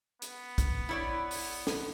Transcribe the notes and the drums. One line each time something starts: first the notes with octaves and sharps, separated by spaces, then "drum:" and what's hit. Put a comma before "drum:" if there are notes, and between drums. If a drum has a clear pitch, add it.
B3, drum: hi-hat
drum: kick, hi-hat
E4 C#5 D5
drum: open hi-hat
drum: snare